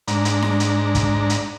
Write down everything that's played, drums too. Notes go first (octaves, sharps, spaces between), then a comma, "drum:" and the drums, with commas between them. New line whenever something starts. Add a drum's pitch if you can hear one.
G#2 D4 A#5, drum: hi-hat
drum: hi-hat
drum: snare D4
drum: hi-hat
drum: kick, hi-hat
drum: hi-hat